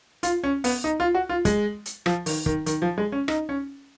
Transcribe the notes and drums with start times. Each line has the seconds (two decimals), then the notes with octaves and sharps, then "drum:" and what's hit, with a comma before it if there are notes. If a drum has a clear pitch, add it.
0.23 F4, drum: hi-hat
0.44 C#4
0.64 B3, drum: open hi-hat
0.84 D#4
1.00 F4
1.15 F#4
1.29 F4
1.45 G#3, drum: kick, hi-hat
1.86 drum: hi-hat
2.06 F3, drum: rim click
2.26 D#3, drum: open hi-hat
2.46 D#3, drum: kick
2.66 D#3, drum: hi-hat
2.82 F3
2.98 G#3
3.12 C#4
3.28 D#4, drum: rim click
3.49 C#4